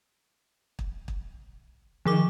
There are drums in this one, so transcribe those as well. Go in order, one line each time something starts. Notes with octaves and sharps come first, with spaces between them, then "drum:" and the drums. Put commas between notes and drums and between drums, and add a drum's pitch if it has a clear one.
drum: kick
drum: kick
D#3 F3 G#4 D6